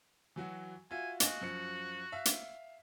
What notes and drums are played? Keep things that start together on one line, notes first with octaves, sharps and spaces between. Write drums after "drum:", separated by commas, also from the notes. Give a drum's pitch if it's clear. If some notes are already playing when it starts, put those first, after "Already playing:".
E3 F#3 F#4
F4 F#4 E5 G#5
F#4 D#5 F5 G#5, drum: hi-hat
F#2 F3 C#7
E5 F5 B6
drum: hi-hat